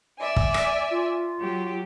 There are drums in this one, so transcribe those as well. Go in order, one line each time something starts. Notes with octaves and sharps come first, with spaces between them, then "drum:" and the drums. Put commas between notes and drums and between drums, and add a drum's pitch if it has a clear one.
D5 E5 G#5
drum: kick
drum: rim click
F4
F#3 G4